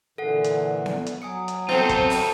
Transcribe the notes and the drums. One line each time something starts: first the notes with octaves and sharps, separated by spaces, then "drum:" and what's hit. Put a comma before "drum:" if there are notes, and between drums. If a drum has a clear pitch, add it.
A#2 D3 E3 A4 F#5
drum: hi-hat
drum: snare B3
drum: hi-hat
F#3 G#5 D#6 C#7
drum: hi-hat
C4 F4 A4, drum: snare B3
drum: kick, hi-hat
drum: open hi-hat